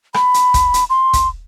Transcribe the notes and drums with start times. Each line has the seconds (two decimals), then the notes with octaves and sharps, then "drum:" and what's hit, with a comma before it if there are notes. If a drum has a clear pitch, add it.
0.14 B5, drum: rim click
0.34 drum: hi-hat
0.54 drum: kick, hi-hat
0.74 drum: hi-hat
0.90 C6
1.13 drum: kick, hi-hat